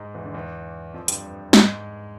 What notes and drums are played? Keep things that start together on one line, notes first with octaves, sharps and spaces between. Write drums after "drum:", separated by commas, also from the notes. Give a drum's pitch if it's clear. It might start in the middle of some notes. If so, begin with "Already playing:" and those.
Already playing: G#2 G#3
E2 E3
D3
E2 E3
F2 F3
G2 G3, drum: hi-hat
G#2 G#3, drum: snare